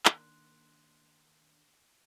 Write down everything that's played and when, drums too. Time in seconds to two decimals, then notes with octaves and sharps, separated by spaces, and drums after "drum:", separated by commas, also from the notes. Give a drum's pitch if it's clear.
0.06 D#3 A#3 D4 C6 F#6, drum: clap